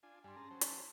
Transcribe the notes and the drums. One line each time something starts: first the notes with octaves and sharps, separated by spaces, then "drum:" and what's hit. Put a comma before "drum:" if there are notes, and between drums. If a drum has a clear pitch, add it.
D4 F4 G#5
G2 G3 D4 G#5 C6
C#4 G#4 A5 A#5
F#3 C5 A5
drum: hi-hat